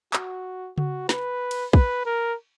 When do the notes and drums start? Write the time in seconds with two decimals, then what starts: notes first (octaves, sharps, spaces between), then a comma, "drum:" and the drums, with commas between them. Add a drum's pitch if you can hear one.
0.13 F#4, drum: clap
0.78 F#4, drum: tom C#3
1.09 B4, drum: snare
1.51 drum: cymbal
1.73 B4, drum: kick
2.06 A#4